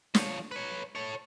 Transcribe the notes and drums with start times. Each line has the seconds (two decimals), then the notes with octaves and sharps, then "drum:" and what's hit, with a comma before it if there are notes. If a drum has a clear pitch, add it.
0.15 F3 C#5, drum: snare
0.51 B4 C#5
0.95 A4 C#5